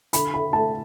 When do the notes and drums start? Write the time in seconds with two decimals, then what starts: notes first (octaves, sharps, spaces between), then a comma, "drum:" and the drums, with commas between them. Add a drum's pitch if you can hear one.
0.13 D3 B5, drum: hi-hat
0.34 B5
0.53 A3 A5